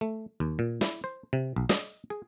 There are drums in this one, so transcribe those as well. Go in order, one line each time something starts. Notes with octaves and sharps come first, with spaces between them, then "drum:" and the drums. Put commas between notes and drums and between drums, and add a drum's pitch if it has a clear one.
A3
D#2
A#2
E4, drum: snare
C5
C3
B1
D#5, drum: snare
G#4